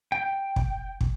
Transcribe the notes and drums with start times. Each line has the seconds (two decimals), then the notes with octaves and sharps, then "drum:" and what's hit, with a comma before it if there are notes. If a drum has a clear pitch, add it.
0.12 G5
0.56 drum: kick
1.01 drum: kick